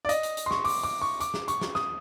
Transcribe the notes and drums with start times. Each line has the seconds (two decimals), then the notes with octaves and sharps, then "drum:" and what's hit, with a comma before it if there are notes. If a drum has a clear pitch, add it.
0.05 D5
0.09 D#5, drum: hi-hat
0.23 drum: hi-hat
0.37 drum: hi-hat
0.46 C6
0.51 C#6, drum: snare
0.65 D6, drum: open hi-hat
0.84 D6
1.02 C#6
1.20 D6, drum: hi-hat
1.34 drum: snare
1.48 C#6, drum: hi-hat
1.61 drum: snare
1.75 D#6, drum: snare